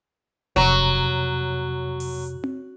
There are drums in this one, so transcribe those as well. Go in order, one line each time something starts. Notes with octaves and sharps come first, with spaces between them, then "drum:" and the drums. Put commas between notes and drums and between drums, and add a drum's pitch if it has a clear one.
F2 C3 F#3 A#5, drum: kick D#1
drum: open hi-hat
drum: tom C4